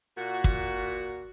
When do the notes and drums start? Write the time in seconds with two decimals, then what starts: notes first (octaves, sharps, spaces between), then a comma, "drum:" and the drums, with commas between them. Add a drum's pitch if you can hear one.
0.18 A#2 F#4
0.44 drum: kick